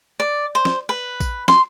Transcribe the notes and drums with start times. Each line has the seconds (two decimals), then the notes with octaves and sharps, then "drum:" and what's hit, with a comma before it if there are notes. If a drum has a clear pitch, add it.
0.20 D5
0.55 C5
0.65 drum: snare
0.89 B4
1.20 drum: kick A#1, tambourine
1.48 C6, drum: snare